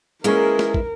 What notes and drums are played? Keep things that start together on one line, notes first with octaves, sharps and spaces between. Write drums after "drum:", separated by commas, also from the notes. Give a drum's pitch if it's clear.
E3 G#3 A#3 C#4 E4 G#4 A#4
drum: snare
drum: kick